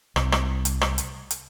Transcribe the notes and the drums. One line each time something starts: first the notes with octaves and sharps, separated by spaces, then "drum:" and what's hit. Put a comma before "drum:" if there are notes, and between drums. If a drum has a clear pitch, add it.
C2, drum: rim click
drum: rim click
drum: hi-hat
drum: rim click
drum: hi-hat
drum: hi-hat